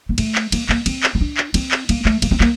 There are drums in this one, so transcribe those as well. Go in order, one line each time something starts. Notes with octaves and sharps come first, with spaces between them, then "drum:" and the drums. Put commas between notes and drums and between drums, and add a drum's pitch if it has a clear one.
A#3
A3, drum: cymbal
drum: clap
A#3, drum: cymbal
A#3, drum: clap
C4, drum: cymbal
drum: clap
C4
D4
drum: clap
C4, drum: cymbal
drum: clap
A#3, drum: cymbal
A3, drum: clap
A#3, drum: cymbal
C4
A#3, drum: clap